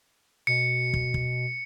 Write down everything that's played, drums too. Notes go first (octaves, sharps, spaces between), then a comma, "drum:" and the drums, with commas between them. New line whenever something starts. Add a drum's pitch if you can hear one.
B2 C#7
drum: kick
drum: kick